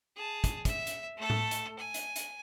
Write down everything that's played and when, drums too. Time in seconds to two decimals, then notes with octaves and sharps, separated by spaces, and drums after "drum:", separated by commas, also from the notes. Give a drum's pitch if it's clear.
0.16 G#4 A5
0.44 drum: kick, hi-hat
0.65 E5, drum: kick, hi-hat
0.87 drum: hi-hat
1.17 A3 A4
1.30 drum: tom A2
1.51 drum: hi-hat
1.79 G#5
1.94 drum: hi-hat
2.16 drum: hi-hat